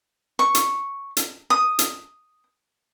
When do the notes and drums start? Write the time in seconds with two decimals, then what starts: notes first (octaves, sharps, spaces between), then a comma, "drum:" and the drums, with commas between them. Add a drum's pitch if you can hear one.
0.39 C#6
0.55 drum: hi-hat
1.17 drum: hi-hat
1.50 D#6
1.79 drum: hi-hat